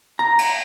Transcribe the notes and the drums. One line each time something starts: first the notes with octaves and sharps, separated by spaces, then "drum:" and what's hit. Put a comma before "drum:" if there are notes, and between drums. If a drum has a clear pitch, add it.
A#5
drum: cymbal